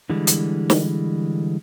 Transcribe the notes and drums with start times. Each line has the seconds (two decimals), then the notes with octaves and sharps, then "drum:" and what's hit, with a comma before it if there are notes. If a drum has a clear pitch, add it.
0.10 D3 E3 G3 G#3
0.27 drum: hi-hat
0.70 drum: snare